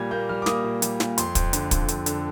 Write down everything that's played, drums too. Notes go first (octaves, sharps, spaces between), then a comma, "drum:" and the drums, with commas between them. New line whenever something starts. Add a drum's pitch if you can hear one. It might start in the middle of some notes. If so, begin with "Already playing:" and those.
Already playing: A#2 G3 G#6
A#3 G6
G3 F6
D6
A#3 D#6, drum: snare
A#2
G3, drum: hi-hat
A#2, drum: snare
F2 C6, drum: hi-hat
F2, drum: kick, hi-hat
D3, drum: hi-hat
F2, drum: kick, hi-hat
F2, drum: hi-hat
D3, drum: hi-hat